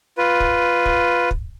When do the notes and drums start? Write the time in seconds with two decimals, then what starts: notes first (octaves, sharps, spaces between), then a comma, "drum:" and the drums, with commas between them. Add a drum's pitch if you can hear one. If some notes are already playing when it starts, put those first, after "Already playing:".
0.18 F4 B4
0.40 drum: kick
0.86 drum: kick
1.31 drum: kick